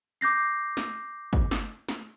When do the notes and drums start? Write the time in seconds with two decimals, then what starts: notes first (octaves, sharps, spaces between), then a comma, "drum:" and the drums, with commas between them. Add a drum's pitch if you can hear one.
0.21 D6 G6 A#6 C7
0.77 drum: snare
1.33 drum: kick
1.51 drum: snare
1.89 drum: snare